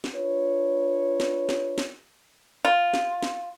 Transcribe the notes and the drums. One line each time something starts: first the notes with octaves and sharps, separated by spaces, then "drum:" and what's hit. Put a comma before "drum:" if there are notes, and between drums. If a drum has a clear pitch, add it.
drum: snare
D4 F4 B4 C#5
drum: snare
drum: snare
drum: snare
F4
drum: snare
drum: snare